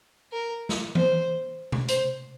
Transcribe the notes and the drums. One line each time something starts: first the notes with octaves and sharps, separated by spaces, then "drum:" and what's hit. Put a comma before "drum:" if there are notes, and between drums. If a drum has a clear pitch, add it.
A#4
drum: snare
C5, drum: tom E3
drum: tom B2
C5, drum: hi-hat